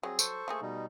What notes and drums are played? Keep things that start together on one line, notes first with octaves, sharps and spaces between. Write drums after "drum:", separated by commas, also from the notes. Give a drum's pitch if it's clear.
F#3 G3 C4 G#4
A4 C5 C#6, drum: tambourine
A3 A#3 G#4
B2 G3 D#4